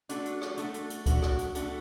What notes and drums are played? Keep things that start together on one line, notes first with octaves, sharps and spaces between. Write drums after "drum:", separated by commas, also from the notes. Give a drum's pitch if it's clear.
A3 D4 F#4 A4, drum: hi-hat
drum: hi-hat
drum: rim click
A3 D4 F#4 A4, drum: hi-hat
drum: hi-hat
drum: hi-hat
A3 D4 F#4 A4, drum: kick C#2, hi-hat
drum: rim click
drum: hi-hat
A3 D4 F#4 A4, drum: hi-hat